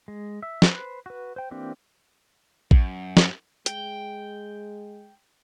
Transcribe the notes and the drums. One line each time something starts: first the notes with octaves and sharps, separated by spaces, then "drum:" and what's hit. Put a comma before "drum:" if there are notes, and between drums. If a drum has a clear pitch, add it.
G#3
E5
B4 C5 F#6, drum: snare
F#4 B4
C5 G5
E3 A#3 C4 D4 G4
F#2, drum: kick
drum: snare
G#3 G5, drum: hi-hat